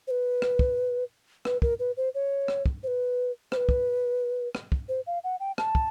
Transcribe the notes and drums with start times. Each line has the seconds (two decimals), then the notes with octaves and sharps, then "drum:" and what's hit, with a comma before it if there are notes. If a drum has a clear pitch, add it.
0.07 C5
0.11 B4
0.42 drum: rim click
0.59 drum: kick
1.45 B4, drum: rim click
1.62 A#4, drum: kick
1.79 B4
1.97 C5
2.15 C#5
2.48 drum: rim click
2.66 drum: kick
2.83 C5
2.88 B4
3.52 C5, drum: rim click
3.57 B4
3.69 drum: kick
4.55 drum: rim click
4.72 drum: kick
4.89 C5
5.07 F5
5.24 F#5
5.40 G5
5.58 A5, drum: rim click
5.75 drum: kick